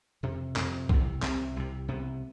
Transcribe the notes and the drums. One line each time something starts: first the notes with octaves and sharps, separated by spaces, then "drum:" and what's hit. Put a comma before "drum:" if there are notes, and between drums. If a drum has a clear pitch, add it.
F2 C3
F2 C3 C4, drum: clap
C2 C3, drum: kick B1
C2 C3 C4, drum: clap
C2 C3
C2 C3 B3